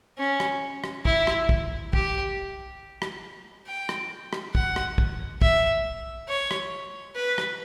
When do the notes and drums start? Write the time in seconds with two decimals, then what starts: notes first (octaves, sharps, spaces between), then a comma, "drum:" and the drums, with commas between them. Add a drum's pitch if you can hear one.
0.19 C#4
0.40 drum: rim click
0.84 drum: rim click
1.05 E4, drum: kick
1.27 drum: rim click
1.49 drum: kick
1.93 G4, drum: kick
3.02 drum: rim click
3.67 G5
3.89 drum: rim click
4.33 drum: rim click
4.55 F#5, drum: kick
4.76 drum: rim click
4.98 drum: kick
5.42 E5, drum: kick
6.29 C#5
6.51 drum: rim click
7.16 B4
7.38 drum: rim click